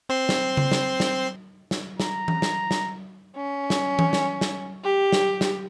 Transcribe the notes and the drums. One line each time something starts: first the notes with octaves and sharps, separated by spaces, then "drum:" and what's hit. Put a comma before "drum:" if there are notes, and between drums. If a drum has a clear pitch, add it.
C4 C5 C6
drum: snare
drum: tom C#3
drum: snare
drum: snare
drum: snare
A#5, drum: snare
drum: tom E3
drum: snare
drum: snare
C#4
drum: snare
drum: tom E3
drum: snare
drum: snare
G4
drum: snare
drum: snare